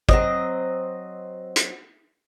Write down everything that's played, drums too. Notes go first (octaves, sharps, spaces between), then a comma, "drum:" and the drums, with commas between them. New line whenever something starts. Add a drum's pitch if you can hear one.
F#3 C4 D#5, drum: kick G#1
drum: hi-hat